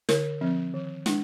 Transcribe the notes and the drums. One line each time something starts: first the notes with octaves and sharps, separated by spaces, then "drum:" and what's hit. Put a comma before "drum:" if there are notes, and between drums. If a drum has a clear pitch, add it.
D3 A#4, drum: snare
F3 C4
D#3
G#3 D4, drum: snare